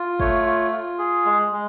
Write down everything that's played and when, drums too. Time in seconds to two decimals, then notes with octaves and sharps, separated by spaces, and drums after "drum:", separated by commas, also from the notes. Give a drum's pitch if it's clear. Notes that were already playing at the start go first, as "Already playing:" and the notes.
Already playing: F4
0.20 A3 C#5, drum: kick
0.46 F4
0.72 F4
0.99 G#4
1.26 G#3
1.52 G#3